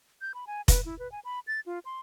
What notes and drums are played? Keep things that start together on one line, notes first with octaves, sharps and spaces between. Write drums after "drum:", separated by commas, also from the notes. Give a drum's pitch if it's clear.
G6
B5
G#5
B4, drum: kick F1, hi-hat
E4
B4
G#5
B5
A6
F4
C6